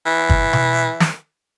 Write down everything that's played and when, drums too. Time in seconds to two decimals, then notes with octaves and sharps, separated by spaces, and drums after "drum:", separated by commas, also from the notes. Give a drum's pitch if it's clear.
0.06 E3
0.30 drum: kick
0.53 drum: tom B2
1.00 drum: snare